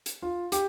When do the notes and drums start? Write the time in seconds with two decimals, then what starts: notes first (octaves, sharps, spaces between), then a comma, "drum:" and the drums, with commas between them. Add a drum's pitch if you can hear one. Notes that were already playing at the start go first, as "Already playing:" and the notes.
0.06 drum: hi-hat
0.22 F4
0.52 G4, drum: hi-hat